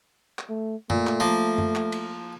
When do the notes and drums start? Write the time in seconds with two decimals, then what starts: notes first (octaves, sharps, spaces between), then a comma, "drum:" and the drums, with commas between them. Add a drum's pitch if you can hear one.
0.39 drum: clap
0.49 A3
0.90 A#2 A3, drum: tom F#2
1.07 drum: clap
1.20 F3 A#3
1.58 drum: tom F#2
1.75 drum: clap
1.92 drum: cymbal